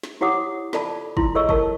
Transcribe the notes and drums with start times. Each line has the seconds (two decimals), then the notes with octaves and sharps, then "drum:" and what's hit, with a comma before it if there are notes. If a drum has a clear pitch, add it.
0.03 drum: snare
0.21 E4 G4 C#5 F#5 D6 D#6
0.73 F4 A4 D5 A5 B5, drum: snare
1.17 E4 F4 C6, drum: kick
1.35 G#4 A4 C#5 D#5 C#6 E6
1.49 A#4 A5 C#6, drum: kick